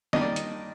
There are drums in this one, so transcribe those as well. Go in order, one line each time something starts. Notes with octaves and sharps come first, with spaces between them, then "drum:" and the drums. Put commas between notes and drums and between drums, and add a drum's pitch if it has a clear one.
D#3 G3 A#3 D4 D#5, drum: snare
D5
drum: hi-hat